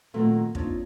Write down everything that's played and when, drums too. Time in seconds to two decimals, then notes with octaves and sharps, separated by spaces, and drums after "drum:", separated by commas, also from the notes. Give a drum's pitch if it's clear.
0.14 A#2 D#3 F#3 A3 A#3 C4
0.55 A#3 C4 D4 D#4 F4 C#5, drum: kick